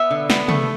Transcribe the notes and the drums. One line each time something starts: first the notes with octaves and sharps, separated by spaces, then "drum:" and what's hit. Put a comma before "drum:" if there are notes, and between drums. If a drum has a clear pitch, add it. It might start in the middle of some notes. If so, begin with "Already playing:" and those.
Already playing: B3 E5
D3
B3, drum: snare
A3, drum: tom C3